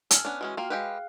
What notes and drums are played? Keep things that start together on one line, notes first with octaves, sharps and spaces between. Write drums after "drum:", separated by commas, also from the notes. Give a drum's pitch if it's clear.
A4 G#5 F6, drum: hi-hat
B3 C#4 D4
E3 G#3 C#4 F#4
A#3 F4 G5 F6
G#3 G4 G#4 B4 F5 F#6